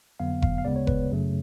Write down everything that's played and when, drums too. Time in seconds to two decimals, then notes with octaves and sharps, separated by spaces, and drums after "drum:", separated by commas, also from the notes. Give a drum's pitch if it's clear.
0.20 F2 D3 F#3 B3 F5
0.42 F5, drum: kick F1
0.58 F5
0.65 D2 C#3 G#3 B3 D5
0.76 C#5
0.87 B4, drum: kick F1
1.11 F#2 C#3 F#3 A3